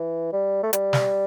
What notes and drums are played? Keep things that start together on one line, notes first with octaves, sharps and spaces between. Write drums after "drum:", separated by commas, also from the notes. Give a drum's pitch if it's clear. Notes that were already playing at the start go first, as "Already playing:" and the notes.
Already playing: E3
G3
A3
G3, drum: hi-hat
drum: snare